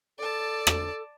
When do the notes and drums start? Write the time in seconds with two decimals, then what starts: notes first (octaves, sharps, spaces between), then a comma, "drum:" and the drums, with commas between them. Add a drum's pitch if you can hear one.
0.19 A4 D5 A5
0.67 drum: rim click